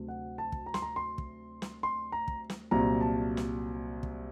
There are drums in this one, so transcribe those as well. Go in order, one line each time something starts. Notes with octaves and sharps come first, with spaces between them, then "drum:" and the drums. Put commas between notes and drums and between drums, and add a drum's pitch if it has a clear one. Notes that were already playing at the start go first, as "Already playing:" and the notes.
Already playing: D2 C3 F#3 A3
F#5
A5
drum: kick
A#5
C6, drum: snare
A#5
C6
drum: kick
drum: snare
C6
A#5
drum: kick
drum: snare
C2 A#2 F#3 A#5
A5
drum: snare
drum: kick